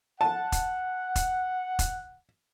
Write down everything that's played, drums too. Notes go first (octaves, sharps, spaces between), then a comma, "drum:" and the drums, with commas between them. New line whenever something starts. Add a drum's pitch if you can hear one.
F#5 A5
drum: kick E1, hi-hat
drum: kick E1, hi-hat
drum: kick E1, hi-hat